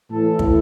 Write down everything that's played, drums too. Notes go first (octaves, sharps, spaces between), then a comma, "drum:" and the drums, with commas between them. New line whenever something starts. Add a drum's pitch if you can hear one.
A2 E3 A4
drum: kick